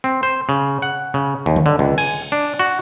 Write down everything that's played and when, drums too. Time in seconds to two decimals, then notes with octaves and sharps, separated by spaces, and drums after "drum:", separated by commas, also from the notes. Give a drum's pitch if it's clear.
0.04 C4
0.23 C5
0.49 C#3
0.82 F#5
1.14 C#3
1.46 D#2
1.56 drum: tom D3
1.66 D3
1.79 C#2
1.98 G#5, drum: cymbal
2.32 D4
2.59 F#4